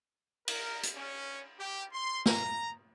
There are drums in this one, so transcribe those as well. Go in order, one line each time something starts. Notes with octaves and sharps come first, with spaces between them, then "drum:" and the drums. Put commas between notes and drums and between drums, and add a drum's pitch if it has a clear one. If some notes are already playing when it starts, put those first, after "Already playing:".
A#4, drum: cymbal
drum: hi-hat
C#4
G4
C6
A#5, drum: snare